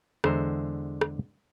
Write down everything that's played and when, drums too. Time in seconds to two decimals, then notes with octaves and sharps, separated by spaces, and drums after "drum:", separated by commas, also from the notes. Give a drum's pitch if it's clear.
0.24 E2 D3 G#3 C5 E5 A#5, drum: rim click
1.01 drum: rim click